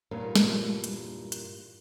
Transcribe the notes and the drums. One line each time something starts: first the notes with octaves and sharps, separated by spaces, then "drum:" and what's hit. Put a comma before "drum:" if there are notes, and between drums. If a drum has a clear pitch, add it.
E2 G2 A#2 A#3 D#4
drum: snare
drum: hi-hat
drum: hi-hat